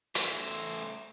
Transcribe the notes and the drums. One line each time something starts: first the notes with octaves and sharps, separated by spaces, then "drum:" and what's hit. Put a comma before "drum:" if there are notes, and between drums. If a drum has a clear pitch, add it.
A3 C5, drum: hi-hat